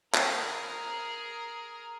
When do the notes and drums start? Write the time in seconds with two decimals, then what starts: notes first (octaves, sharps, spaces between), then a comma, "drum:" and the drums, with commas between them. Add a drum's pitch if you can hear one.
0.14 G#4 A#4, drum: clap